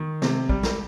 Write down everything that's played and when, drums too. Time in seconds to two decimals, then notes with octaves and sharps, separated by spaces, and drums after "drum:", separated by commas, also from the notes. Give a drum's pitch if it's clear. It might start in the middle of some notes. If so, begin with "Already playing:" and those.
Already playing: D#3
0.22 C3, drum: snare
0.49 G3, drum: kick A#1
0.63 drum: snare